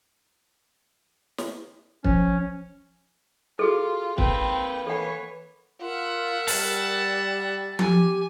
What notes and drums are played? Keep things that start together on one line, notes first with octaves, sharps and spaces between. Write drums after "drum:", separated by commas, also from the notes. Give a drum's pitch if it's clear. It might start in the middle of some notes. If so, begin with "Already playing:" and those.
drum: snare
F3 C#4, drum: kick
F4 F#4 G#4 A4
A#3 C4 B4 G5, drum: kick
E3 A4 C#5 F#5
F4 A#4 E5 F#5
G3 A5, drum: open hi-hat
G4 G#5, drum: tom F3